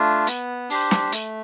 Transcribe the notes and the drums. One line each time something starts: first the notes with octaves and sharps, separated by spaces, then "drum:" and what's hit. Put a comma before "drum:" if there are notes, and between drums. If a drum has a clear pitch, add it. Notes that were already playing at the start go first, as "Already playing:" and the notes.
Already playing: A3 D4 F4
B3, drum: hi-hat
D4 G4 C5, drum: open hi-hat
drum: snare
A3, drum: hi-hat